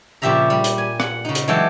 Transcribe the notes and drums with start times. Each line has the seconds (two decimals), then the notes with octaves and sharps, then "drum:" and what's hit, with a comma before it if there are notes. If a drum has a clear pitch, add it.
0.22 A#2 C#3 F3 G4 E5 A#5
0.50 G3
0.64 drum: hi-hat
0.78 G#5
1.00 F#5, drum: rim click
1.25 C#3 D#4
1.35 drum: hi-hat
1.48 E3 F#3 G#3 A4 D5 G5